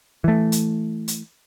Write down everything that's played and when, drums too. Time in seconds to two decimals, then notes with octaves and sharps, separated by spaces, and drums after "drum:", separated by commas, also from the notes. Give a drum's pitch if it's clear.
0.24 E3 A3
0.52 drum: hi-hat
1.08 drum: hi-hat